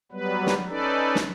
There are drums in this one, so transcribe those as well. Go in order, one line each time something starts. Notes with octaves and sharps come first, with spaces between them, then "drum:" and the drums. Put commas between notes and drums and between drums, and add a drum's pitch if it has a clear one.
F#3 G3 B3 B4
drum: snare
C#4 D#4 A4 B4 D5
drum: snare